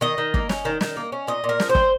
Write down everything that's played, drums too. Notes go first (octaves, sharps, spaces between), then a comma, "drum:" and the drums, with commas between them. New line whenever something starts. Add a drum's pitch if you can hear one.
D#3 D#5
D#3
A#3, drum: kick G1
C#4, drum: snare
D#3
D#3, drum: snare
A#3
C#4
A#2 D#5
A#2
A#4
F3, drum: snare
C5
C4, drum: kick G1